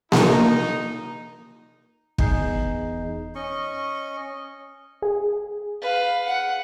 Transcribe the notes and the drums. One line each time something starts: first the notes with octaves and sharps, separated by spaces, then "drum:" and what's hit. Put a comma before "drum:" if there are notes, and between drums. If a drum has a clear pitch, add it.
D#4, drum: snare A#3
E2 D#4 G#4 G6 C7, drum: kick
C#4 D#5 C#6
G#4
B4 F5
F#5